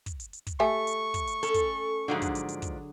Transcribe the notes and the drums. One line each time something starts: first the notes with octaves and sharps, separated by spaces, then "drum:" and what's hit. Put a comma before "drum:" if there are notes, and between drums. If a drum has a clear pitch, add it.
drum: kick, hi-hat
drum: hi-hat
drum: hi-hat
drum: kick, hi-hat
A3 G4 E5 G#5 C#6
drum: hi-hat
drum: kick, hi-hat
drum: hi-hat
C#4 A4, drum: hi-hat
drum: kick, hi-hat
G#2 D3 F3 F#3 D4 G#4
drum: kick, hi-hat
drum: hi-hat
drum: hi-hat
drum: kick, hi-hat